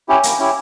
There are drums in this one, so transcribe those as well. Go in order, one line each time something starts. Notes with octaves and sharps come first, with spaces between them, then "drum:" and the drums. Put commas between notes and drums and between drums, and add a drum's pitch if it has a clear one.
C#4 E4 G4
A#3, drum: hi-hat
C#4 E4 G4